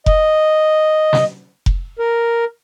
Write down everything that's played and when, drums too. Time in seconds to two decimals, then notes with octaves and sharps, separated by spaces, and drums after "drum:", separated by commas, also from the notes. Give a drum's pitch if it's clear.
0.06 D#5, drum: kick F1
1.13 drum: snare
1.66 drum: kick F1
1.99 A#4